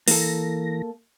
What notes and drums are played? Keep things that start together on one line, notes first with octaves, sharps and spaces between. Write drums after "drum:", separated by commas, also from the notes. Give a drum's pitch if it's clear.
E3 A#3 A4 A#6, drum: open hi-hat